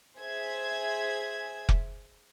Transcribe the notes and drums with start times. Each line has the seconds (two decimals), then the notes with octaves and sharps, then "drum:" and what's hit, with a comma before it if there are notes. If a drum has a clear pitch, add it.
0.20 G#4 C5 E5 G#6
1.69 drum: kick F1